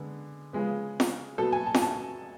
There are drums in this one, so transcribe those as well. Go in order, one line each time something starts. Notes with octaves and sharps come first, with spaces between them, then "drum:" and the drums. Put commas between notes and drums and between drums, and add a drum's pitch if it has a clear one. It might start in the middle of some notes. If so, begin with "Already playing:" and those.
Already playing: D3 G#3 B3
C#3 F3 G#3 B3
drum: snare F4
B2 F#3 B3 A4
G#5
A5
G#5, drum: snare F4
A5